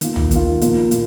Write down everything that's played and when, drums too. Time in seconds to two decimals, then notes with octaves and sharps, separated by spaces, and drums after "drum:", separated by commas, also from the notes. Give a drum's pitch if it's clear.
0.01 D#3 A#3 F4, drum: hi-hat
0.16 drum: tom
0.31 D#3 A#3 F4, drum: hi-hat
0.61 A#2 F3 A#3 F4, drum: hi-hat
0.91 A#2, drum: hi-hat